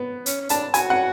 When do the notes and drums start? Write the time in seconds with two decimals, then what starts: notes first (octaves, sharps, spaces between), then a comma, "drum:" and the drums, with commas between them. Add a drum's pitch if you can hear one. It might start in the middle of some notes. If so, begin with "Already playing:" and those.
Already playing: B3
0.26 C#4, drum: hi-hat
0.41 C#4
0.49 D4 A5, drum: hi-hat
0.74 F#4 G#5, drum: hi-hat
0.90 F#5